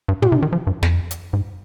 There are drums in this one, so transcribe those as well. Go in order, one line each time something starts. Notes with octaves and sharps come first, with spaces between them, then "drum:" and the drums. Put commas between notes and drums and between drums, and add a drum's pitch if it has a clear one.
G2
A#2, drum: tom
C3
D#3
F3
G2
F2, drum: snare
drum: hi-hat
G#2